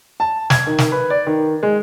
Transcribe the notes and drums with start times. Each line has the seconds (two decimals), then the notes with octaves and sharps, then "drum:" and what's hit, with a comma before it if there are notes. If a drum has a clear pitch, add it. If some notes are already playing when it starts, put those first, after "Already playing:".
0.20 A5
0.50 G#6, drum: snare
0.67 D#3
0.78 drum: snare
0.92 B4
1.10 D5
1.27 D#3
1.63 G#3